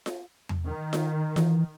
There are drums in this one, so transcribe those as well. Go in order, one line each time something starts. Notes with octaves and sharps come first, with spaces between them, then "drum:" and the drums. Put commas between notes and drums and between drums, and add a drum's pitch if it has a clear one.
drum: snare F4
drum: tom E2
D#3
drum: snare F4
E3, drum: snare F4